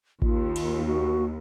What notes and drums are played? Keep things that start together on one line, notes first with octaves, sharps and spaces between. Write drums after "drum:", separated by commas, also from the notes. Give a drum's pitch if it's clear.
D#2 F4, drum: kick A1
drum: cymbal
F#4